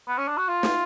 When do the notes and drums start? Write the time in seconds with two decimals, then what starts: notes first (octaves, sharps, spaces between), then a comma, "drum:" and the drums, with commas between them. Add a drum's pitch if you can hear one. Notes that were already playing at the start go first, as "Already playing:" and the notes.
0.08 B3
0.18 C#4
0.28 D4
0.37 F#4
0.48 F4
0.63 drum: snare